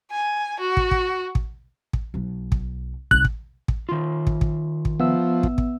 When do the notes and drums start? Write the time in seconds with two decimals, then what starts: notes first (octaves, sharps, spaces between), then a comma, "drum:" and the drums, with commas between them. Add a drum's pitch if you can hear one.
0.11 G#5
0.60 F#4
0.77 drum: kick
0.91 drum: kick
1.35 drum: kick
1.93 drum: kick
2.14 B1 F#3
2.52 drum: kick
3.11 C2 D#4 F#6, drum: kick
3.25 drum: kick
3.68 drum: kick
3.89 D#3 F4
4.27 drum: kick
4.41 drum: kick
4.85 drum: kick
5.00 F3 B3 E5 E6
5.43 drum: kick
5.58 drum: kick